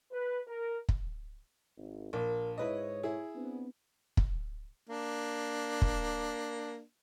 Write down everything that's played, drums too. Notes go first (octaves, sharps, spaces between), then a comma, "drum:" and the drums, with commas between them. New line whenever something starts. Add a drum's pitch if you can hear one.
B4
A#4
drum: kick
G#1
A#1 A#4
G#2 E4 B4 C#5 D#5
E4 G#4
B3 C4 D4
drum: kick
A#3 D4
drum: kick